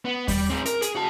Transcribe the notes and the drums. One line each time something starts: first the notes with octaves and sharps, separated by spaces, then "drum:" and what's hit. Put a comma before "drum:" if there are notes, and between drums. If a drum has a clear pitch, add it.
B3
G3, drum: kick D#2, open hi-hat
C4 G#4
A#4, drum: hi-hat
G#4, drum: hi-hat
F#4 A5